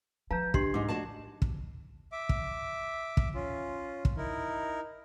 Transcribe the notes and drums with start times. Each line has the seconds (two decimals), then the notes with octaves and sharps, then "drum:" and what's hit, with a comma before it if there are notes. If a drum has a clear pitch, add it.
0.31 F3 B4 F5 A5 A#5 G6
0.54 D4 G4 D#5 C6 G#6 C7, drum: kick
0.74 G#2 D#4 D6
0.89 F#4 D5 A5
1.42 drum: kick
2.12 E5 D6
2.29 drum: kick
3.17 drum: kick
3.35 C#4 F4
4.05 drum: kick
4.17 D#4 E4 A#4